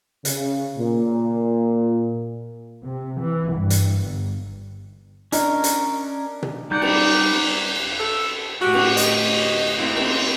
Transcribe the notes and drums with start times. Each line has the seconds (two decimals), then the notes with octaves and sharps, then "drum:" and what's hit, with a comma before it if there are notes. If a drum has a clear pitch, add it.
0.25 C#3, drum: hi-hat
0.78 A#2
2.85 C3
3.19 E3
3.52 G2
3.70 drum: hi-hat
4.02 G1
5.32 C#4 D4 A#4 D#5, drum: hi-hat
5.64 drum: hi-hat
6.43 drum: tom B2
6.71 G3 D#4 D5 F#5 G6
6.81 drum: cymbal
7.99 A4
8.61 A2 F#4 G4
8.73 drum: cymbal
8.97 D2 F#4 D#5, drum: hi-hat
9.76 A#3 C4 E4
9.96 drum: cymbal